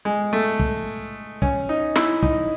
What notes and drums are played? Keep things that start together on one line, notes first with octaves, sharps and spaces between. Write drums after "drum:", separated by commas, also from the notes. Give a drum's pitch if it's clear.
G#3
A3
drum: kick
C#4, drum: kick
D#4
E4, drum: snare
D#4, drum: kick